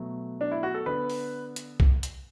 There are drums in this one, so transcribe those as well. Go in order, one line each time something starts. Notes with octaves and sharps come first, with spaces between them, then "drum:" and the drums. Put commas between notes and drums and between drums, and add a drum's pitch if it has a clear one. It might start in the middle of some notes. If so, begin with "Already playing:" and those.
Already playing: B2 F#3 A3
D4
E4
F#4
A4
D3 B3 B4
drum: open hi-hat
drum: hi-hat
drum: kick
drum: hi-hat